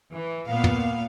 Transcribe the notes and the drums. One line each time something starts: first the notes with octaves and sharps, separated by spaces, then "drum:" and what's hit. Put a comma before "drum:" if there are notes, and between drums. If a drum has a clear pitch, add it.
E3
A#2 B3 F5
drum: tom